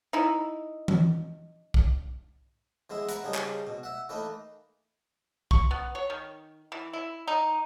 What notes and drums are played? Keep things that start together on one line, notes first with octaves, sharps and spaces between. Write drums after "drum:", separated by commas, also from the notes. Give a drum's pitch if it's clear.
D#4 E4
drum: tom E3
drum: kick B1
E3 G#3 B3 E4
B4 F#5 A#5, drum: hi-hat
C#3 F3 G3 D#4 G#4
drum: clap
B2
E5 F#5
E3 A3 A#3 D#4 B4
C#6, drum: kick B1
B3
C#5
D#3
E3
E4
D#4